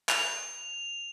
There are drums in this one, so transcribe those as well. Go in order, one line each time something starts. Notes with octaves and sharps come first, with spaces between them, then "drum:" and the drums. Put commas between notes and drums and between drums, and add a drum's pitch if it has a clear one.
F7, drum: clap